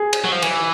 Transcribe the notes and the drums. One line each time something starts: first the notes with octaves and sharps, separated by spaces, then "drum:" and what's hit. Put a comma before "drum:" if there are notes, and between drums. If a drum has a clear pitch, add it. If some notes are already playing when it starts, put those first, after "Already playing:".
Already playing: G#4
drum: cymbal
F#3
F3
E3, drum: cymbal